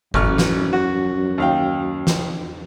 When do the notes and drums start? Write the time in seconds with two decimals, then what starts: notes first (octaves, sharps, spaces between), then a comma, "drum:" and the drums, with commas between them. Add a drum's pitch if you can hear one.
0.14 A1 F#2 C#6 F6, drum: kick G1
0.38 drum: snare
0.73 F#4
1.38 D#2 F5 G5
2.07 drum: snare